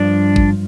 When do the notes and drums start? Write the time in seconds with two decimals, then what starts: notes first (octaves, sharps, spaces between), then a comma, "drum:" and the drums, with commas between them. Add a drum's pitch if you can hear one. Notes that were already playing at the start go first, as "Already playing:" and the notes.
Already playing: G2 F3 D4
0.36 drum: kick